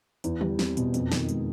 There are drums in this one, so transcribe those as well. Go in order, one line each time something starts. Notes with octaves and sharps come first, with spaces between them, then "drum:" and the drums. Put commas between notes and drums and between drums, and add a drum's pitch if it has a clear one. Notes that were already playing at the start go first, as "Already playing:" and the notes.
E2, drum: hi-hat
G3, drum: tom
C4, drum: snare
B2, drum: hi-hat
F2, drum: hi-hat
D#3, drum: snare
G#3, drum: hi-hat